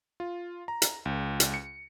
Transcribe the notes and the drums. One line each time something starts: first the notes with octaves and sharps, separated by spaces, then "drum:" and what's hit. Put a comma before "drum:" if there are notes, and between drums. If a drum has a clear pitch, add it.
F4
A#5
drum: hi-hat
C#2
drum: hi-hat
C#7